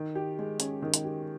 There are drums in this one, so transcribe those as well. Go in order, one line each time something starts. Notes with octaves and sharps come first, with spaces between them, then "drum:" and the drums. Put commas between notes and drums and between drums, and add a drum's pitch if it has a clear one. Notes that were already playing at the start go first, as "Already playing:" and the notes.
Already playing: D#3
G4
G#3
C#4, drum: hi-hat
D#3
drum: hi-hat
G4